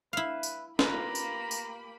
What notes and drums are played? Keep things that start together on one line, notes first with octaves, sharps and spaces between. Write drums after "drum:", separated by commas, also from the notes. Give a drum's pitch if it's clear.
E4 B4 F5
drum: tambourine
A#3 F4 G4 B4 A#5 B5, drum: snare
drum: tambourine
drum: tambourine